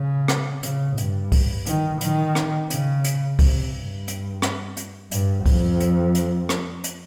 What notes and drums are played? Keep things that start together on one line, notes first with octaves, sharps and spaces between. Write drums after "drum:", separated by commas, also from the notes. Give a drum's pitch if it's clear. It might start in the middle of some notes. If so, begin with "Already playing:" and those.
Already playing: C#3
drum: rim click
C#3, drum: hi-hat
G2, drum: hi-hat
drum: kick C2, open hi-hat
D#3, drum: hi-hat
D#3, drum: hi-hat
drum: rim click
C#3, drum: hi-hat
drum: hi-hat
C3, drum: kick C2, open hi-hat
G2
drum: hi-hat
drum: rim click
drum: hi-hat
G2, drum: hi-hat
F2, drum: kick C2, open hi-hat
drum: hi-hat
drum: hi-hat
drum: rim click
drum: hi-hat